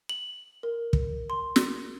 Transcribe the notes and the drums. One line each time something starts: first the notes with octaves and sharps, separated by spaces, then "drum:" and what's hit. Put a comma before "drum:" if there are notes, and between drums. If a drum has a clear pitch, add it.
F#7
A#4
drum: kick
C6
drum: snare